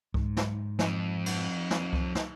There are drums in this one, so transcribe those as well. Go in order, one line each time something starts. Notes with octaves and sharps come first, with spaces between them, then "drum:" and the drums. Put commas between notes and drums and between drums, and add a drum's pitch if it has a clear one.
G#2, drum: kick C2
drum: snare
F2, drum: snare
drum: cymbal
drum: snare
drum: kick C2
drum: snare